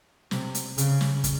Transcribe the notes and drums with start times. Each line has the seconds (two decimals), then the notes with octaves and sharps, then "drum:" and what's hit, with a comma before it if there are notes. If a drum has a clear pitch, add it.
0.31 C3, drum: snare
0.55 drum: hi-hat
0.78 C#3, drum: hi-hat
1.01 drum: snare
1.24 drum: kick, hi-hat